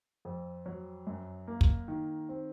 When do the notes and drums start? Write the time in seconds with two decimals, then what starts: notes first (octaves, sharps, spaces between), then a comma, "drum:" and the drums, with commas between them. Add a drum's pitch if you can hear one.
0.25 F2
0.66 F#3
1.07 F#2
1.47 A#3
1.61 drum: kick
1.88 D#3
2.29 C4